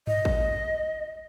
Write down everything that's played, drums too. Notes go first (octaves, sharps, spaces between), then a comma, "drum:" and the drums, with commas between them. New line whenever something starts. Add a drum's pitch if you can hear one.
D#5, drum: tom G2
drum: kick